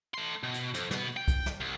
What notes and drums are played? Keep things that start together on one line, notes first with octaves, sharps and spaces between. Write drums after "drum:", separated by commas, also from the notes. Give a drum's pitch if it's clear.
A3 C6
B2
drum: hi-hat
F2, drum: hi-hat
B2 B3, drum: snare
G5
drum: kick C2, hi-hat
drum: snare
C2